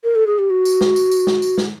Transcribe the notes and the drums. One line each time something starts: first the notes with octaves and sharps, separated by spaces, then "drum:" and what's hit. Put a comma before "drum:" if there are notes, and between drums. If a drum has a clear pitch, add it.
A#4
A4
G#4
G4
F#4
drum: tambourine
drum: snare
drum: tambourine
drum: tambourine
drum: snare
drum: tambourine
drum: snare